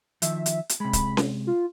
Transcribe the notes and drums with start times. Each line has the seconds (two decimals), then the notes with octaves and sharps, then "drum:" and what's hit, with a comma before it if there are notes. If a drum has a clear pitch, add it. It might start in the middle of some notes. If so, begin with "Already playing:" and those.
0.22 D#3 F3 E5, drum: hi-hat
0.46 drum: hi-hat
0.69 drum: hi-hat
0.80 C3 G#3 B5
0.93 drum: kick C#1, hi-hat
1.17 drum: snare C#4
1.47 F4